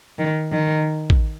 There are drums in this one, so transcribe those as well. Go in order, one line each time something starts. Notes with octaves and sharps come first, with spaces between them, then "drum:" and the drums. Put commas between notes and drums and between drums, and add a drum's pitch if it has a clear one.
D#3
D#3
drum: kick